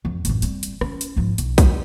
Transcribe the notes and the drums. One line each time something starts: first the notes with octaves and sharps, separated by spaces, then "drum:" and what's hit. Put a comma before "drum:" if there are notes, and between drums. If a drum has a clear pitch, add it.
F2
A1 F#2, drum: hi-hat
G3 C4, drum: hi-hat
drum: hi-hat
C#4, drum: rim click
drum: hi-hat
G#1 F3
B1, drum: hi-hat
drum: kick, hi-hat